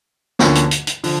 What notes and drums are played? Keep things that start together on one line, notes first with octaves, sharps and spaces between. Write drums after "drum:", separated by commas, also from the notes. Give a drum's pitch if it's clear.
D2 D3 F3 A#3 C#4, drum: snare
drum: hi-hat
drum: hi-hat
drum: hi-hat
D3 F3, drum: open hi-hat